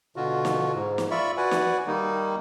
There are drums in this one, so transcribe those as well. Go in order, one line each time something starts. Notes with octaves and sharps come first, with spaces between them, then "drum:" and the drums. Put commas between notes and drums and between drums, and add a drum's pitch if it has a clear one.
B2 D3 F4 F#4
drum: snare
G#2
drum: snare
F4 D5 E5 B5 C#6
F#4 B4 D5 F#5 G#5
drum: snare
D#3 G3 A#3 D#4